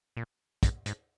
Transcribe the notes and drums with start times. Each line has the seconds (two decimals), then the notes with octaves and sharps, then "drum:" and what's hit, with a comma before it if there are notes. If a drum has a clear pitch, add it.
0.17 A#2
0.63 G2, drum: kick, hi-hat
0.86 G#2, drum: hi-hat